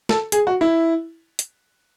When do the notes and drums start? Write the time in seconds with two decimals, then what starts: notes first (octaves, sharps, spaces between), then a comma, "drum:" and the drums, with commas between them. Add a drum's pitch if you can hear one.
0.09 A4, drum: snare
0.32 G#4, drum: hi-hat
0.47 F#4
0.61 E4
1.39 drum: hi-hat